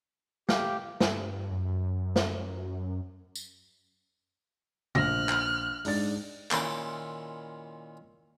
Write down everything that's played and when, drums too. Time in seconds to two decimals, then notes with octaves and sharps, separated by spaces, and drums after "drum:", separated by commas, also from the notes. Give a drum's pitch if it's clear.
0.49 G4 F5 F6, drum: snare
1.00 G2, drum: snare
1.51 F#2
2.16 drum: snare
3.35 drum: tambourine
4.95 A#1 F6 F#6 A#6, drum: tom C#3
5.29 drum: clap
5.85 G#2 D4 A6, drum: open hi-hat
6.51 A#2 D#3 C#4 E4 C6 D6, drum: clap